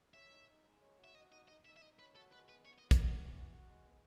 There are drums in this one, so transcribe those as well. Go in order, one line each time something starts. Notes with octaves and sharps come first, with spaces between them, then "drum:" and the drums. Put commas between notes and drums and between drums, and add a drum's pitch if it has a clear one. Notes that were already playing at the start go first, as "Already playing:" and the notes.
C#5 E5
D#4
D#4
G#3
C#5
F#4
E5
F#4 D#5
D#4 D#5
D#4 D#5
D#4 E5
E5
D#4 D#5
B4 C#5
F#4 A4
G#3 B4
B3 B4
B3 C#5
D#5
B3
E5, drum: kick, hi-hat
F#4 D#5
E3
F#4
F#4
G#3
B3